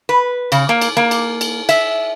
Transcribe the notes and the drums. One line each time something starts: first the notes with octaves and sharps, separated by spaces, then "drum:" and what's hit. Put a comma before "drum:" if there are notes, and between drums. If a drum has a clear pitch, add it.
B4
C#3, drum: cymbal
A#3
drum: cymbal
A#3
drum: cymbal
drum: cymbal
E5, drum: cymbal